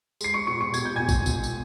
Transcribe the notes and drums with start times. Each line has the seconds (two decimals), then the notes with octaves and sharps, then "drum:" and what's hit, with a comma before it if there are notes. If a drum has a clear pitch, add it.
0.21 G#3 C7, drum: tambourine
0.34 C#6 C#7
0.47 B2 C#6 C#7
0.61 C#6 C#7
0.74 B2 G#6, drum: tambourine
0.85 G6
0.96 B2 G#5 G#6
1.09 drum: kick A1, tambourine
1.26 B2, drum: tambourine
1.44 drum: tambourine